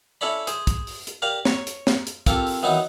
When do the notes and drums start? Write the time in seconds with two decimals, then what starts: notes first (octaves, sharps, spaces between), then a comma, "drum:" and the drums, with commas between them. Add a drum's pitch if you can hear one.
0.21 C#4 E4 A4 C#5 D5 B5
0.47 G#4 C5, drum: hi-hat
0.67 drum: kick, hi-hat
0.87 drum: open hi-hat
1.07 drum: hi-hat
1.22 G4 A#4 D5 F5
1.45 C#5 C#6, drum: snare
1.67 drum: hi-hat
1.87 drum: snare
2.07 drum: hi-hat
2.26 A#3 C4 F4 G4 A4, drum: kick, hi-hat
2.47 drum: open hi-hat
2.63 D#3 E3 F#3 B3 D#4